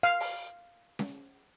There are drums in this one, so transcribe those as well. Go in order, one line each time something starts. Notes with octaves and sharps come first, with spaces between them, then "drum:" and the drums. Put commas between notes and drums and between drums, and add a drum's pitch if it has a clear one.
F5
drum: open hi-hat
drum: snare C#4